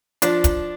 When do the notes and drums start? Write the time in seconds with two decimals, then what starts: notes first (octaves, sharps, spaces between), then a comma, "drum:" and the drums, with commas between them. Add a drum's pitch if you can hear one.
0.22 F3 D4, drum: hi-hat
0.44 drum: kick, hi-hat